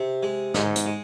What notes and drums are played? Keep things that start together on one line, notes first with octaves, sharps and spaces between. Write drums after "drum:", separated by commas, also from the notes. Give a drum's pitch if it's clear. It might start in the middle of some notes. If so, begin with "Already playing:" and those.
Already playing: C3
G#3
G#2 D#4, drum: snare
drum: hi-hat
G#3